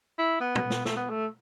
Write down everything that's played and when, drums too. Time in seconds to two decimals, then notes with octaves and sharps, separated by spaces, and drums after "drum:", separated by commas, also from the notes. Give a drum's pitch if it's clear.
0.18 E4
0.41 B3
0.55 drum: tom
0.70 drum: snare
0.85 A3, drum: snare
0.97 B3
1.10 A3